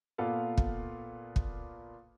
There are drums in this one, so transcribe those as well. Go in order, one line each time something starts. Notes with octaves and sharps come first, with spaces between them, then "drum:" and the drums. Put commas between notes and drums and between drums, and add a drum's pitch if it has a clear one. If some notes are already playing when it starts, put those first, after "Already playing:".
A#2 A#3 B3 F4 A4 F5
drum: kick
drum: kick